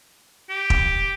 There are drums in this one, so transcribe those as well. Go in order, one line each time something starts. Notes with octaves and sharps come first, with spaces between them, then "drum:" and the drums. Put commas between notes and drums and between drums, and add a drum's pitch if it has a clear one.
G4
drum: kick